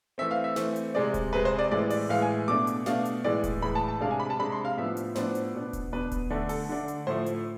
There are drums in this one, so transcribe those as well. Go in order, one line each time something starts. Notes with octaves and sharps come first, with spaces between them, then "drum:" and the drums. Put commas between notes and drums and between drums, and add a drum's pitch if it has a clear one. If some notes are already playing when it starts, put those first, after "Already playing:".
E3 A3 C4 E5
F5
E5
E3 A3 C4, drum: snare
drum: hi-hat
C3 G#3 C4 D5
drum: kick D#1, hi-hat
C3 G#3 C4 B4
C5
D5
A2 E3 G#3 D5
D5, drum: open hi-hat
A2 E3 G#3 F5
G#5
B2 A3 D4 D6
drum: hi-hat
B2 A3 D4 F5, drum: snare
drum: hi-hat
A2 E3 G#3 D5
drum: kick D#1, hi-hat
A2 E3 G#3 B5
A5
A5
C3 G#3 D4 F5
G#5
B5
A5
C3 G#3 D4 B5
C6
F5
A2 F3 B3 D4 E5
drum: hi-hat
A2 F3 B3 D4 C5, drum: snare
drum: hi-hat
B2 B3 D4
drum: kick D#1, hi-hat
B2 B3 D4 B4
drum: kick D#1, hi-hat
D3 A3 D4 A4
A4, drum: open hi-hat
D3 A3 D4
drum: hi-hat
A2 F3 A3 C5
drum: hi-hat